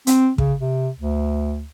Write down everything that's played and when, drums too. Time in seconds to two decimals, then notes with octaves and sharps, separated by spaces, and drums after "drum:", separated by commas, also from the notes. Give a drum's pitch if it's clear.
0.07 C4, drum: hi-hat
0.38 C#3, drum: kick
0.59 C3
0.99 D2